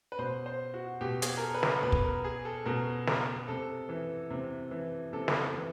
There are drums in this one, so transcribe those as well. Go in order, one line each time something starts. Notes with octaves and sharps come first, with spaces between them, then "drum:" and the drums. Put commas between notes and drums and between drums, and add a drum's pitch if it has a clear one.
B4
B2 C5
C5
F#4
B2 G4
G#4, drum: hi-hat
A#4
A4
B4
A#4, drum: snare
B2 B4
drum: kick
A#4
G#4
A4
B2 A#4
A#4, drum: snare
C3 A4
E3
C3
E3
C3 A4
drum: snare
E3